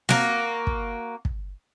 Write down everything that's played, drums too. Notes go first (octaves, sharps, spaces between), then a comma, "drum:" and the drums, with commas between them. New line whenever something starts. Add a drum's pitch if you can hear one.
A#3 F#4, drum: snare
drum: kick
drum: kick